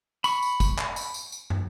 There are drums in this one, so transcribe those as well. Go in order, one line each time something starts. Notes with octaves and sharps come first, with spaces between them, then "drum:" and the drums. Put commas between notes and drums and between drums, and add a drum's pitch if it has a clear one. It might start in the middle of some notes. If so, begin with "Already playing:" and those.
B5 C#6, drum: tambourine
drum: tambourine
drum: kick, tambourine
drum: clap
drum: tambourine
drum: tambourine
drum: tambourine
drum: tom